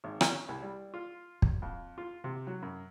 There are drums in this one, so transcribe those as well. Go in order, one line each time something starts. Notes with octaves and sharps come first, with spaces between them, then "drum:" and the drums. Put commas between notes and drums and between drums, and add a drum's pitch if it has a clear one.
G#1
drum: rim click
C#4
C2
G3
F4
drum: kick
F2
F4
C3
F#3
F#2